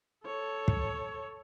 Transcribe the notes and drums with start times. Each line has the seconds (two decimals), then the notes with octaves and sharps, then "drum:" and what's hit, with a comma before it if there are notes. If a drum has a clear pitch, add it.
0.25 A4 C#5
0.68 drum: kick